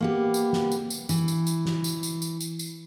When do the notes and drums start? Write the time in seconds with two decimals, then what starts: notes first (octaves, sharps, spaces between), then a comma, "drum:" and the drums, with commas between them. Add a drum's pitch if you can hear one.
0.01 A#3 B3 G4
0.34 drum: tambourine
0.53 drum: snare
0.72 drum: tambourine
0.90 drum: tambourine
1.09 E3, drum: tambourine
1.28 drum: tambourine
1.47 drum: tambourine
1.65 drum: snare
1.84 drum: tambourine
2.03 drum: tambourine
2.22 drum: tambourine
2.41 drum: tambourine
2.59 drum: tambourine